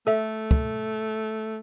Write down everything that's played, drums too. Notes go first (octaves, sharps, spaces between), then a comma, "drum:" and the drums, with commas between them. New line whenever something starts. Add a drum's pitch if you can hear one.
A3 A4 E5
drum: kick